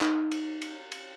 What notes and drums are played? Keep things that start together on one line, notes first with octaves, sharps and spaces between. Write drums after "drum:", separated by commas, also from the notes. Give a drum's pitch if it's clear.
D#4, drum: clap
drum: cymbal
drum: cymbal
drum: cymbal